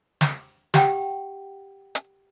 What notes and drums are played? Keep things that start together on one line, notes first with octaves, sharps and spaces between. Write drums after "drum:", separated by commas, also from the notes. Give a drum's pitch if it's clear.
drum: snare
G4 F#5 G5, drum: snare
drum: hi-hat